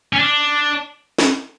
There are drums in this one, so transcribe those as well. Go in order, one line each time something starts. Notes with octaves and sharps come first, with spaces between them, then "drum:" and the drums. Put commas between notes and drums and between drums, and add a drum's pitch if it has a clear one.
C#4
D4
drum: snare